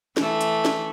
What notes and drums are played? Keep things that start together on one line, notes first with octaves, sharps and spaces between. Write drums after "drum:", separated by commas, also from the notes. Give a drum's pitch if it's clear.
E3 A3, drum: snare
drum: hi-hat
drum: snare